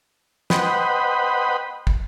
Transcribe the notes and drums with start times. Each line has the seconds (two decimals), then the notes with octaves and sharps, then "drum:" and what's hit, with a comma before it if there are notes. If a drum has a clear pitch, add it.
0.50 B4 C5 D#5 F#5 G5 B5, drum: snare
1.87 drum: kick